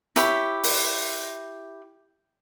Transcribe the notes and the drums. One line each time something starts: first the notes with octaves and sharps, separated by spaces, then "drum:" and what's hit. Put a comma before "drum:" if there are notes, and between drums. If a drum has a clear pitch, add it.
E4 G4 C#5 B5, drum: hi-hat
drum: open hi-hat